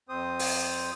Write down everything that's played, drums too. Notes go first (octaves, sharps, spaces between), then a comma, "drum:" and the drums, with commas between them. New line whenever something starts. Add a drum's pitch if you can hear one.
F2 C4 C5 D#6
drum: open hi-hat